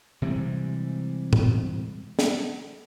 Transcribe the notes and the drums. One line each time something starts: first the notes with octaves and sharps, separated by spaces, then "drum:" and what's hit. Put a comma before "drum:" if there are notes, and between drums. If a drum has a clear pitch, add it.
C3 E3 G3 G#3
drum: tom A2
drum: snare